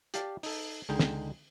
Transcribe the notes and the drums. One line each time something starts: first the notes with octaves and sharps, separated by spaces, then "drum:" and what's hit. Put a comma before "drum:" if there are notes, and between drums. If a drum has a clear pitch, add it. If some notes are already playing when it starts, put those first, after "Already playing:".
G4 D5 F5 A5, drum: hi-hat
D#4 A4, drum: open hi-hat
C#2 D3 G#3 D#4 G5
drum: snare